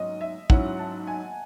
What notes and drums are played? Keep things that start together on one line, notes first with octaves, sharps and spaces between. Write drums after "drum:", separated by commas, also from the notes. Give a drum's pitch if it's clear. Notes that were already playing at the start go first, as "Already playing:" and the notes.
Already playing: G#2 F#3 C#4 D#5
E5
G#2 F#3 C#4 E4 F#5, drum: kick
A5
G#5